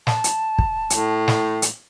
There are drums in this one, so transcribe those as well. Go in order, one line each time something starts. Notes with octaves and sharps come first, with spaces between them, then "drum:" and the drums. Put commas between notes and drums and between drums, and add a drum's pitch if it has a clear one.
A5, drum: snare
drum: hi-hat
drum: kick
A2, drum: hi-hat
drum: snare
drum: hi-hat